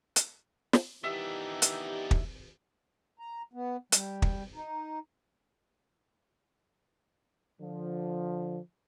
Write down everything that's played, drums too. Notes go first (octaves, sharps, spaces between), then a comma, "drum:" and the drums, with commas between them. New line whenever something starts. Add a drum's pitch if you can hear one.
drum: hi-hat
drum: snare
D#3 E3 B3 D4 D#4 G4 E5
drum: hi-hat
drum: kick
A#5
B3
G3, drum: hi-hat
drum: kick
D#4
D3 F3